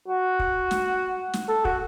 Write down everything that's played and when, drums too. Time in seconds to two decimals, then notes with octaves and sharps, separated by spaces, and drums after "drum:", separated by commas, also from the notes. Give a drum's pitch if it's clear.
0.08 F#4
0.39 drum: kick
0.71 drum: snare
1.34 drum: snare
1.49 A4
1.65 F#4, drum: kick